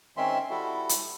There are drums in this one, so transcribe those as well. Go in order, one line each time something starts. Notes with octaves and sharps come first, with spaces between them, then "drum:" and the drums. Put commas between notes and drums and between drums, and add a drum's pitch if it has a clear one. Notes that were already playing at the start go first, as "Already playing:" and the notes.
D#3 G#3 C4 C#4 E5 C6
G3 E4 F#4 A4
drum: hi-hat